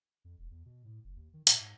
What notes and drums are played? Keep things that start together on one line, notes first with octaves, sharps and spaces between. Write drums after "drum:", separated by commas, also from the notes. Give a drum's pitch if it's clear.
F2
E1
E2
B2
A2
F#1
D#2
D#3
A#2, drum: hi-hat
G#2